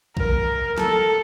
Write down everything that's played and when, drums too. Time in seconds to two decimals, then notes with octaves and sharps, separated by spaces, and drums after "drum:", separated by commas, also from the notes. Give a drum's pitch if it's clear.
0.17 A#4, drum: kick A#1
0.78 A4, drum: snare